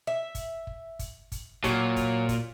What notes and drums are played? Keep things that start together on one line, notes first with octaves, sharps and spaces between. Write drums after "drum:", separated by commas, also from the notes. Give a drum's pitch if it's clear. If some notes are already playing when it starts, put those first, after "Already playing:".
E5
drum: kick, hi-hat
drum: kick
drum: kick, hi-hat
drum: kick, hi-hat
A#2 F#3, drum: kick, hi-hat
drum: kick, hi-hat
drum: kick, hi-hat